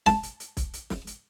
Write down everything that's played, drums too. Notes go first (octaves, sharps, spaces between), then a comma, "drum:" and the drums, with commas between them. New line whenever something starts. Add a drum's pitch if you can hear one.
A5, drum: snare
drum: hi-hat
drum: hi-hat
drum: kick, hi-hat
drum: hi-hat
drum: snare
drum: hi-hat